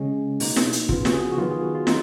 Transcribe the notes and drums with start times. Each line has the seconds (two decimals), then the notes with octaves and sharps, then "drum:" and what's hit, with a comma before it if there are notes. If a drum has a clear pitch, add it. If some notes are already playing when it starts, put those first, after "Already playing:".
Already playing: C#3 G#3 C#4
0.40 B2 A#3 D#4, drum: open hi-hat
0.56 drum: snare
0.73 drum: hi-hat
0.89 C#3 F3 B3 F4, drum: kick
1.05 F#4, drum: snare
1.13 G#4
1.32 F#4
1.37 D#3 F#3 B3 F4
1.51 G#4
1.63 F#4
1.75 F4
1.87 D#4 F4, drum: snare